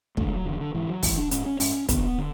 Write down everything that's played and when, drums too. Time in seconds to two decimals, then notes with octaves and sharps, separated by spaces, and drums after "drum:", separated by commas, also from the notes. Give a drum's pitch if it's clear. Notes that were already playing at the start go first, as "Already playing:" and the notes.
0.17 E2 D3 A3, drum: kick
0.27 G#3
0.36 F#3
0.45 E2 D3 E3
0.61 D3
0.74 G#2 E3
0.89 F#3
1.03 G#2 E3, drum: kick, open hi-hat
1.17 D4
1.31 G#2 C#4, drum: hi-hat
1.46 C#4
1.60 G#2 C#4, drum: open hi-hat
1.89 E2 D3 B3, drum: kick, hi-hat
2.18 D3